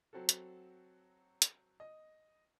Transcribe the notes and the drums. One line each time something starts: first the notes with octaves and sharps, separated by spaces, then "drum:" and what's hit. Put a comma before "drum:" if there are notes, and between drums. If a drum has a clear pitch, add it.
F#3 C4 F#4 A4
drum: hi-hat
drum: hi-hat
D#5